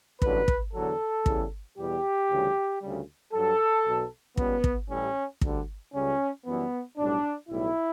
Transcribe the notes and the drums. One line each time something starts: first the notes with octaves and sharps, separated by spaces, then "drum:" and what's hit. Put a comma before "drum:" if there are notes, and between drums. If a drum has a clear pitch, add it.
A1 G2 D3 F#3 B4, drum: kick
drum: kick
E2 D3 F#3 A4
E2 C#3 E3 G3, drum: kick
E2 B2 G3 G4
D2 C#3 E3 G3
D2 C#3 G3
G2 F#3 A4
B1 B2 F#3
C#2 C#3 G3 B3, drum: kick
drum: kick
A1 A2 E3 G3 C#4
D2 D3 G3, drum: kick
C#2 C#3 G3 C#4
F#2 E3 G3 B3
B1 A2 G3 D4
B1 A2 G3 E4